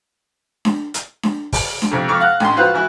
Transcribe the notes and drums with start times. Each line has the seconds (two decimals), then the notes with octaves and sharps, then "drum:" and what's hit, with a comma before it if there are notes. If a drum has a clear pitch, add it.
0.65 drum: snare D4
0.94 drum: hi-hat
1.23 drum: snare D4
1.53 drum: kick, open hi-hat
1.82 drum: snare D4
1.91 F2 C3
2.08 F2 C#6 D6 F6
2.20 F5 F#5
2.40 A1 C6, drum: snare D4
2.56 F4 F#4 B4 C5
2.74 E3 E4 F#4